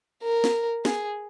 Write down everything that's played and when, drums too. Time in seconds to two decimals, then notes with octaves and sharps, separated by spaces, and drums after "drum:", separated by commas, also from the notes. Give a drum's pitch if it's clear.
0.23 A#4
0.44 drum: snare
0.85 G#4, drum: snare